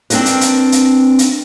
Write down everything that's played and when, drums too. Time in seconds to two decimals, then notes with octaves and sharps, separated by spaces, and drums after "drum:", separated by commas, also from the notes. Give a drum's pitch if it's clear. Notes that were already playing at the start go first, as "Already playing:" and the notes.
0.10 C4 D4 D#4 G#4 A#4 B4, drum: hi-hat
0.26 drum: hi-hat
0.41 drum: hi-hat
0.72 drum: hi-hat
1.19 drum: hi-hat